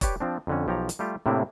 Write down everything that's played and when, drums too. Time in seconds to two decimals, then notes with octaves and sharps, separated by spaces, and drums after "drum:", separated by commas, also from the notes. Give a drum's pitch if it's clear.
0.01 G4 B4 C#5 D5, drum: kick E1, hi-hat
0.20 F3 C4 D4
0.47 F2 D3 C#4
0.67 B1 F3 G4 C#5 A#5
0.89 drum: hi-hat
0.99 G3 A3 F4 G4
1.26 A2 C3 A#3 C4 D4 E4